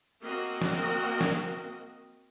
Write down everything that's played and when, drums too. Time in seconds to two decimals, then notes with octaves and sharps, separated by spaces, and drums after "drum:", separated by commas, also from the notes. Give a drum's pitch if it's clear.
0.22 A#3 C4 F#4 A#4 D#5
0.61 drum: snare
1.21 drum: snare